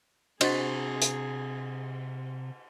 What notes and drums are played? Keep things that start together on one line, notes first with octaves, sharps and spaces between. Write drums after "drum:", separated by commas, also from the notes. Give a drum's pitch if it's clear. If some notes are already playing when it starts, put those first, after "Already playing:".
C3 D4 F#4 G#4 C5 D#5 A6, drum: cymbal
drum: hi-hat